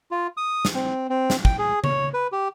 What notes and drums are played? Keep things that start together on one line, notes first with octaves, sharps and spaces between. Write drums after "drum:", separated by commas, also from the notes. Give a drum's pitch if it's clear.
F4
D#6
drum: snare
C4
C4
drum: snare
G5, drum: kick
G#4
C#5, drum: tom C#3
B4
G4